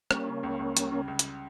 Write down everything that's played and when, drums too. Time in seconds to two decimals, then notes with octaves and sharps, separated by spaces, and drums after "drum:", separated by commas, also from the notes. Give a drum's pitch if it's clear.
0.11 G3 A#3 C#4, drum: rim click
0.27 C#3
0.43 C#2
0.59 C#2
0.77 G3, drum: hi-hat
0.92 C#3
1.08 C#2
1.19 drum: hi-hat